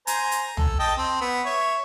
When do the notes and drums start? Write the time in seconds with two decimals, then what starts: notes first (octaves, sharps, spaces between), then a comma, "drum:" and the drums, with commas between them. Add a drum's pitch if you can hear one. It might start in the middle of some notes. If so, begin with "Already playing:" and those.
0.07 C5 G#5 A#5, drum: hi-hat
0.32 drum: hi-hat
0.57 A4, drum: tom
0.79 D#5 G5 A5
0.98 C4
1.21 B3
1.45 C#5 E5